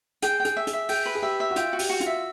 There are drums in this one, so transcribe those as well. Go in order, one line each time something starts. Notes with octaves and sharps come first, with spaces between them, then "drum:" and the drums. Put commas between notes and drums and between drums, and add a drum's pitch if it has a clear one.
G#4 G5, drum: hi-hat
G5
G#4, drum: hi-hat
E5
G#4, drum: hi-hat
E5
G#4 G5, drum: open hi-hat
B4
G#4
G4 E5
E5
F#4
F4 G5, drum: hi-hat
F#4
G4, drum: open hi-hat
F#4
F4, drum: hi-hat
E5